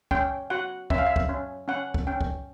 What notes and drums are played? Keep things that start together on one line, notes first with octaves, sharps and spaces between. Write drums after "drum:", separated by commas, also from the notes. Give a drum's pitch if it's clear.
C#4 G5, drum: kick
F#4 F#5
C#4 E5, drum: kick
F5
E5
drum: kick
C#4
C#4 F#5
drum: kick
C#4 G5
drum: kick